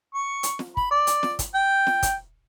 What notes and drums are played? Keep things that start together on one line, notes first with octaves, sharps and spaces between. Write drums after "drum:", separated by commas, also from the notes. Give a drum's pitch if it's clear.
C#6
drum: hi-hat
drum: snare
B5, drum: kick
D5
drum: hi-hat
drum: snare
drum: kick, hi-hat
G5
drum: snare
drum: kick, hi-hat